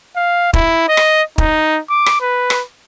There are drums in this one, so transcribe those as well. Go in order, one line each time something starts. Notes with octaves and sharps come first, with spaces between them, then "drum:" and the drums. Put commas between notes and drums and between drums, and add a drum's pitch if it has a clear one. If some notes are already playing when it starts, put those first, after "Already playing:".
F5
E4, drum: kick
D#5
drum: rim click
D#4, drum: kick
D6
drum: rim click
B4
drum: rim click